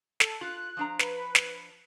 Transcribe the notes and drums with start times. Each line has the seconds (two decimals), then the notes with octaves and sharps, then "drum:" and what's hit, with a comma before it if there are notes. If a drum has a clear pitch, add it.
0.20 A4, drum: snare
0.41 F4 F#6
0.77 F3 D4 A#5
0.99 B4, drum: snare
1.35 drum: snare